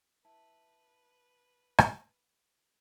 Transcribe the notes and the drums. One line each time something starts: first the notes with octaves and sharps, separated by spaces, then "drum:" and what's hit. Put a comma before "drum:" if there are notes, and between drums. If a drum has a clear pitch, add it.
E4 B4 A5
drum: rim click